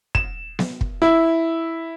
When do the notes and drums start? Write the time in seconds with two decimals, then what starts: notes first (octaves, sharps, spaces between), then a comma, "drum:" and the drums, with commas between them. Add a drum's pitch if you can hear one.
0.15 E7, drum: kick
0.59 drum: snare B3
0.81 drum: kick
1.02 E4